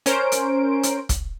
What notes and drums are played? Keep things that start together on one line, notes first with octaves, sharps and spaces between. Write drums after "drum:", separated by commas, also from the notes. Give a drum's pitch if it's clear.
C#4 A#4 C5 D7, drum: hi-hat
drum: hi-hat
drum: hi-hat
drum: kick, hi-hat